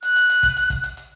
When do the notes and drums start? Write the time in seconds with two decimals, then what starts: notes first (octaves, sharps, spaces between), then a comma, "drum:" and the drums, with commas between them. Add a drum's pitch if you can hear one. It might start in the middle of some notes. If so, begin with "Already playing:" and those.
0.03 F#6, drum: hi-hat
0.16 drum: hi-hat
0.30 drum: hi-hat
0.43 drum: kick, hi-hat
0.57 drum: hi-hat
0.70 drum: kick, hi-hat
0.84 drum: hi-hat
0.97 drum: hi-hat